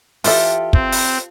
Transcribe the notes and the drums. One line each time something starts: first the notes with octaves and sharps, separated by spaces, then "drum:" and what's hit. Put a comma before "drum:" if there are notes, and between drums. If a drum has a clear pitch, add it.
E3 F4 G4 A4 E5, drum: open hi-hat
C4, drum: kick
drum: open hi-hat